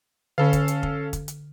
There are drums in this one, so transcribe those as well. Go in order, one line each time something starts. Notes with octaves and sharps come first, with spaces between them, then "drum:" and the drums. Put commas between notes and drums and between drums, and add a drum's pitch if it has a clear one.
D3 C#4 A4 F5
drum: kick, hi-hat
drum: hi-hat
drum: kick
drum: kick, hi-hat
drum: hi-hat